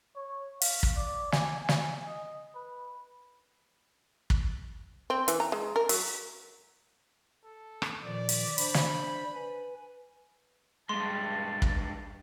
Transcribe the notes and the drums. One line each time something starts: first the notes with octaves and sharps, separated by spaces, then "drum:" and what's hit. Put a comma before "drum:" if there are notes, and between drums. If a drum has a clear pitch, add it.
C#5
F5, drum: open hi-hat
drum: kick
D5
G#5, drum: snare
G#5, drum: snare
D#5
B4
drum: kick
C4
E3, drum: hi-hat
A#5
G#3
A#4
F#3, drum: open hi-hat
A4
drum: rim click
A#2 D#3 F3 D5
drum: open hi-hat
D4 C5 D5 B5, drum: open hi-hat
drum: snare
B4 G#5
G2 G#3 A5 C6
drum: kick